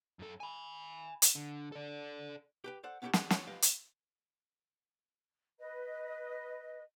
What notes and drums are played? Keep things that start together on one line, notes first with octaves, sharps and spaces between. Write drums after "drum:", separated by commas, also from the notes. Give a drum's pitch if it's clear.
F#2 A4
G#5 B5
drum: hi-hat
D3
A4 D5
G4 B4 G5
A4 C5 D5 F#5
B3 C#4 D#4 E4 G4 A4
G3 G#3 F#4, drum: snare
F4 F#4 C#5, drum: snare
F4 G4 B4 D#5 F5
drum: hi-hat
B4 D#5